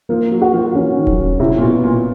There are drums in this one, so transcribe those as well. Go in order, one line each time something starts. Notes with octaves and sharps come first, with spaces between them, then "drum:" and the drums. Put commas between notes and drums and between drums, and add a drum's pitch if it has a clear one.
F3 A#3
F#3
F#4
F3
E3 C#4
D#3
F#3, drum: kick D#1
C3 E4
A#2
B2
B3
A#2